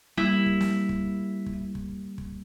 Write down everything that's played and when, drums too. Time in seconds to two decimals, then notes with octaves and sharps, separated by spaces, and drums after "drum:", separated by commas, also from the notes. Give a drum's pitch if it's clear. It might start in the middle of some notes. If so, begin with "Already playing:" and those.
0.18 G3 A#3 E4
0.46 drum: kick
0.61 drum: snare
0.89 drum: kick
1.46 drum: kick
1.75 drum: kick
2.18 drum: kick